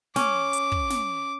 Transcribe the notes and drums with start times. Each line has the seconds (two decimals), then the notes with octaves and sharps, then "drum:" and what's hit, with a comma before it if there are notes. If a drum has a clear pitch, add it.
0.16 C#4 D6, drum: snare
0.53 drum: hi-hat
0.72 drum: kick
0.90 drum: snare